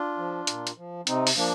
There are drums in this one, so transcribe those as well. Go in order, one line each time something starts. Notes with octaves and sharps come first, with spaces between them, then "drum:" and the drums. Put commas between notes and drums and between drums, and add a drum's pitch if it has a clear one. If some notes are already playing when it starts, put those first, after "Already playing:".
Already playing: D4 F4
F3
A#2, drum: hi-hat
drum: hi-hat
F3
C3 C4 D#4, drum: hi-hat
drum: open hi-hat
F3 A#3 D4